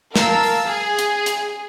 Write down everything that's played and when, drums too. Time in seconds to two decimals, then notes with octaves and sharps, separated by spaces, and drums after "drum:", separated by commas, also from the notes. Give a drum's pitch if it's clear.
0.16 A#4 F5 A5 E6, drum: snare
0.43 drum: open hi-hat
0.66 G#4
0.99 drum: hi-hat
1.26 drum: hi-hat